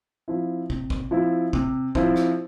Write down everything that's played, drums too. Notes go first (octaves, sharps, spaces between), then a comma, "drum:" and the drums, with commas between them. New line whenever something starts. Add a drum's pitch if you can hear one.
F3 C4 E4
C3, drum: kick
drum: kick
F3 C4 E4
C3, drum: kick
F3 C4 E4, drum: kick
drum: rim click